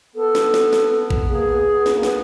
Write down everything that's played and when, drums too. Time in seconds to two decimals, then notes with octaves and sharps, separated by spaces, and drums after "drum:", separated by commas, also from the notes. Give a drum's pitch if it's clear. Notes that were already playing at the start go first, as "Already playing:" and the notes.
0.15 B3 A4
0.35 drum: snare
0.54 drum: snare
0.73 drum: snare
1.10 drum: kick
1.29 A#3 G#4
1.44 B3
1.72 B3
1.86 B3, drum: snare
1.94 A#3
2.03 B3, drum: snare